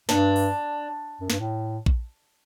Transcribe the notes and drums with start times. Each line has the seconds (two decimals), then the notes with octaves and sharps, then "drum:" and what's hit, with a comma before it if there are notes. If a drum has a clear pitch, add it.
0.09 G2 D4, drum: snare
0.36 drum: open hi-hat
1.21 F#2
1.30 G2, drum: snare
1.39 A2
1.86 drum: kick A#1